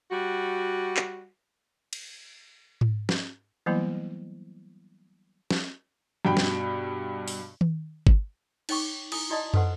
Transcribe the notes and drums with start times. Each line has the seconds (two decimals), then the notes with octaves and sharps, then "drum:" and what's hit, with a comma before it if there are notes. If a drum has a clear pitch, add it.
0.11 G3 F#4
0.97 drum: clap
1.93 drum: cymbal
2.81 drum: tom G#2
3.09 drum: snare
3.66 E3 F#3 G3 A#3 B3 E4
5.51 drum: snare
6.25 G2 B2 G5 B5
6.37 drum: snare
7.28 drum: open hi-hat
7.61 drum: tom D#3
8.07 drum: kick G1
8.69 D#4 C#5 G5 C#6 D6, drum: cymbal
9.12 E4 G#5 D#6, drum: cymbal
9.30 E4 F#4 D5 D#5 A5 D#6
9.54 F#4 A4 B4 C5 F#5, drum: tom